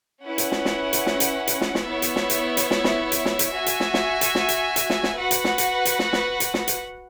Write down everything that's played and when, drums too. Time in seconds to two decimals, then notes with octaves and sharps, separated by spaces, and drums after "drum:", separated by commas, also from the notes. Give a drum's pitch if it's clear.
0.24 C#4 E4 B4 F#5
0.38 drum: hi-hat
0.52 drum: snare
0.65 drum: snare
0.93 drum: hi-hat
1.06 drum: snare
1.20 drum: hi-hat
1.47 drum: hi-hat
1.61 drum: snare
1.75 drum: snare
1.88 B3 E4 C#5 E5
2.02 drum: hi-hat
2.16 drum: snare
2.30 drum: hi-hat
2.57 drum: hi-hat
2.71 drum: snare
2.84 drum: snare
3.12 drum: hi-hat
3.25 drum: snare
3.39 drum: hi-hat
3.53 F#4 E5 G#5
3.66 drum: hi-hat
3.80 drum: snare
3.94 drum: snare
4.21 drum: hi-hat
4.35 drum: snare
4.49 drum: hi-hat
4.76 drum: hi-hat
4.90 drum: snare
5.03 drum: snare
5.16 F#4 B4 F#5
5.31 drum: hi-hat
5.44 drum: snare
5.58 drum: hi-hat
5.85 drum: hi-hat
5.99 drum: snare
6.13 drum: snare
6.40 drum: hi-hat
6.54 drum: snare
6.68 drum: hi-hat